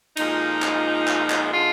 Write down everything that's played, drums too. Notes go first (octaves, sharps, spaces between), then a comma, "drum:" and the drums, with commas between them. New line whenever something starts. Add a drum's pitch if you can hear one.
A#2 F3 G#3 D#4, drum: cymbal
drum: clap
drum: clap
drum: clap
D3 G#3 F4